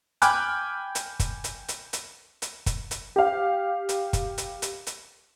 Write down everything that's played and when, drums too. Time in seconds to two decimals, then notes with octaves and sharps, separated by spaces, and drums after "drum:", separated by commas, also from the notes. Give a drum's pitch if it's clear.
0.22 G5 G#5 B5 D6 F6 F#6, drum: hi-hat
0.95 drum: hi-hat
1.20 drum: kick, hi-hat
1.44 drum: hi-hat
1.68 drum: hi-hat
1.93 drum: hi-hat
2.42 drum: hi-hat
2.66 drum: kick, hi-hat
2.91 drum: hi-hat
3.16 G4 F5
3.89 drum: hi-hat
4.13 drum: kick, hi-hat
4.38 drum: hi-hat
4.62 drum: hi-hat
4.87 drum: hi-hat